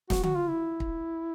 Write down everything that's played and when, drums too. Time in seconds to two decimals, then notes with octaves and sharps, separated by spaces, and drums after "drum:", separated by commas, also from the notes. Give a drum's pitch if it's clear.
0.10 F#4, drum: snare
0.23 F#4, drum: tom D3
0.36 F4
0.48 E4
0.80 drum: kick